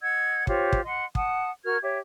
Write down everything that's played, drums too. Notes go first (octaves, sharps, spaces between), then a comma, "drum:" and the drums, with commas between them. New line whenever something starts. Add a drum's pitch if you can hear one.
D#5 F#5 E6 G#6
F4 G4 C5 C#5, drum: kick
drum: kick
D#5 F#5 C6
F#5 A5 D#6, drum: kick
F#4 A#4 F6 G#6
G4 C#5 E5